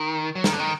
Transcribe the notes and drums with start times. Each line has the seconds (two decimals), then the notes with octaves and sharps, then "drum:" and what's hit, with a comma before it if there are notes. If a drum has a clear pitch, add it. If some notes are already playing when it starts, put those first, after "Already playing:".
Already playing: D#3
0.35 F#3
0.44 D#3, drum: snare
0.53 D3
0.60 D#3